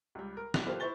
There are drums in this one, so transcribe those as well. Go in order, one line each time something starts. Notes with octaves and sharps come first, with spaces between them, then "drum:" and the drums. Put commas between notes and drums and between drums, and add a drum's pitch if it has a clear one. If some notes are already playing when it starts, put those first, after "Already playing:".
C#2 G3
A#4
A1 C3 E4 F#6 F7, drum: snare
A#3 F4 G4 A4 C5
E4 C5 B5 C#6 A6 G7